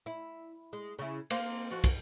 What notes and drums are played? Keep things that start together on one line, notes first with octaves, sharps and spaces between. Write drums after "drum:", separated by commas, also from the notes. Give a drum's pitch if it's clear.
E4
G#3
C#3 E4
A#3 C4 F5, drum: cymbal
F3 F#4
drum: kick, cymbal